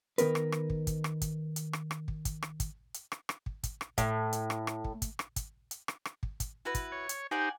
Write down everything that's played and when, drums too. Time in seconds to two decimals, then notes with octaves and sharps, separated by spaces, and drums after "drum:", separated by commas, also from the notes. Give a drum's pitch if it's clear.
0.18 D#3 B3 A#4 B4, drum: hi-hat
0.35 drum: rim click
0.52 drum: rim click
0.70 drum: kick
0.87 drum: kick, hi-hat
1.04 drum: rim click
1.21 drum: kick, hi-hat
1.56 drum: hi-hat
1.73 drum: rim click
1.91 drum: rim click
2.08 drum: kick
2.25 drum: kick, hi-hat
2.42 drum: rim click
2.60 drum: kick, hi-hat
2.94 drum: hi-hat
3.12 drum: rim click
3.29 drum: rim click
3.46 drum: kick
3.63 drum: kick, hi-hat
3.81 drum: rim click
3.98 A2, drum: kick, hi-hat
4.33 drum: hi-hat
4.50 drum: rim click
4.67 drum: rim click
4.84 drum: kick
5.02 drum: kick, hi-hat
5.19 drum: rim click
5.36 drum: kick, hi-hat
5.71 drum: hi-hat
5.88 drum: rim click
6.05 drum: rim click
6.23 drum: kick
6.40 drum: kick, hi-hat
6.65 E4 F#4 B4
6.75 drum: kick, hi-hat
6.92 C#5
7.09 drum: hi-hat
7.31 D#4 G4 C5 D5 F#5 G#5